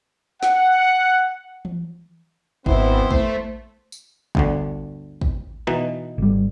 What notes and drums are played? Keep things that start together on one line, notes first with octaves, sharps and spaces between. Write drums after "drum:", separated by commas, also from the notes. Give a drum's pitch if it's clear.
F#5, drum: snare
drum: tom E3
G#1 B3 C4 E4 C5, drum: kick
A3, drum: kick
drum: tambourine
G1 D2 D3, drum: kick
drum: kick
B2 E3 D#4
G#1 G3